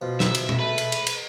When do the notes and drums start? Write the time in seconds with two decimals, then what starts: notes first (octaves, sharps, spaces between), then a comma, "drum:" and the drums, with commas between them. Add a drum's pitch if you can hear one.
0.02 B2 F3
0.20 E5, drum: snare
0.35 drum: cymbal
0.49 drum: tom B2
0.60 A3 B4
0.78 drum: cymbal
0.92 drum: cymbal
1.07 drum: cymbal